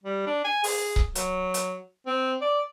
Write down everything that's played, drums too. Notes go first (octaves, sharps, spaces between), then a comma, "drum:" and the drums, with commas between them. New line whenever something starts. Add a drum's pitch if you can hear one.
G3
D4
G#5
G#4, drum: open hi-hat
drum: kick C#1
F#3, drum: hi-hat
drum: hi-hat
C4
D5